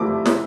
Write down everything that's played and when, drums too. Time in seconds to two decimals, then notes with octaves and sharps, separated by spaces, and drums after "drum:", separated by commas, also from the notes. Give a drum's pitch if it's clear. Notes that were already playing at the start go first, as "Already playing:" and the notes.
Already playing: C3 F3 A3 E4 D6
0.26 drum: snare